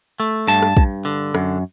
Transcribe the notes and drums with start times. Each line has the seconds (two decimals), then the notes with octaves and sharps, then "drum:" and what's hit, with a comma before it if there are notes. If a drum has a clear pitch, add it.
0.20 A3
0.48 G2 A5
0.62 drum: rim click
0.77 G2, drum: kick
1.05 D3
1.35 F#2, drum: rim click